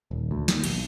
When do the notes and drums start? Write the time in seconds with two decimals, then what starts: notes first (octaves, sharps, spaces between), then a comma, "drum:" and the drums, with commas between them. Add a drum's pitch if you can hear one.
0.11 D#1
0.31 D2
0.48 D#2, drum: snare
0.64 B1, drum: cymbal